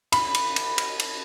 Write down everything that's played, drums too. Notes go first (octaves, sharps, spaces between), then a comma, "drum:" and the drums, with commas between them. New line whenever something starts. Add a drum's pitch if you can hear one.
B5, drum: cymbal
drum: cymbal
drum: cymbal
drum: cymbal
drum: cymbal